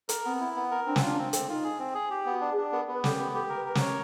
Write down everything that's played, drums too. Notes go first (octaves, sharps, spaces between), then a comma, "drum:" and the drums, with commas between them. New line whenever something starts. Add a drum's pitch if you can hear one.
A#4, drum: hi-hat
B3 C4
E4
B3
A#4
C4 D4
C#4, drum: snare
D4 F4
C4
C4, drum: hi-hat
D#4 F4
G#4
C4
G#4
G4
B3
F#4
D4
G#4
D4
B3 A#4
B3
B4
G4 A4, drum: snare
A#4
B3
G4 A4
A#4
B4
A#4 B4
C5, drum: snare
C#5